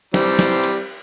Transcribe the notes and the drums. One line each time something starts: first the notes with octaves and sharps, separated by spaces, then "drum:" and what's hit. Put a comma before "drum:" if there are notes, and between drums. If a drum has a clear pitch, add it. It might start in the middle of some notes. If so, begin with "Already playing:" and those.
E3 G3 C4, drum: snare
drum: snare
drum: cymbal